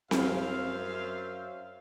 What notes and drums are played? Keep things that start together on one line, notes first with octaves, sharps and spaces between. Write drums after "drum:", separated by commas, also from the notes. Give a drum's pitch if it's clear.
F#2 C5 E5 F5, drum: snare C4